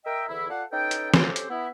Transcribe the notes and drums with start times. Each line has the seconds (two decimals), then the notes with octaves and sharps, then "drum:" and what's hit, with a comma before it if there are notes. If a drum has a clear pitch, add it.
0.05 A#4 D#5 E5 G5
0.29 E2 D3 E4
0.50 F4 A4 D5 F5 F#5
0.72 C#4 D#4 A4 B4 G5
0.91 drum: hi-hat
1.14 C4 C#4 G4 A4 C5, drum: snare
1.36 drum: hi-hat
1.50 B3 E4